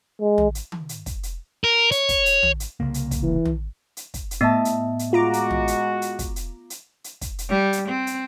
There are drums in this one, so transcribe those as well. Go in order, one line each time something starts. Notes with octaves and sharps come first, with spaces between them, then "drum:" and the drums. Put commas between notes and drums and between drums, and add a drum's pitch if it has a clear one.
G#3
drum: tom
drum: hi-hat
drum: tom D#3
drum: hi-hat
drum: kick, hi-hat
drum: hi-hat
A#4
C#5, drum: hi-hat
drum: kick, hi-hat
drum: hi-hat
drum: tom
drum: hi-hat
C2 C#3 A#3
drum: hi-hat
drum: kick, hi-hat
E3
drum: tom
drum: hi-hat
drum: kick, hi-hat
drum: hi-hat
A2 B3 D#5 E5 A5
drum: hi-hat
drum: hi-hat
G#3 F4 F#4 A#5 D6
drum: hi-hat
drum: tom
drum: hi-hat
drum: hi-hat
drum: kick, hi-hat
drum: hi-hat
drum: hi-hat
drum: hi-hat
drum: kick, hi-hat
drum: hi-hat
G3
drum: hi-hat
C4
drum: hi-hat